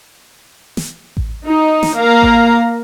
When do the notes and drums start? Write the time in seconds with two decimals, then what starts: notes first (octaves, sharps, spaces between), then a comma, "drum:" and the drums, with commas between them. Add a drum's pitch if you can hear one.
0.77 drum: snare
1.17 drum: kick A1
1.45 D#4
1.83 drum: snare
1.96 A#3 F5 A#5
2.22 drum: kick A1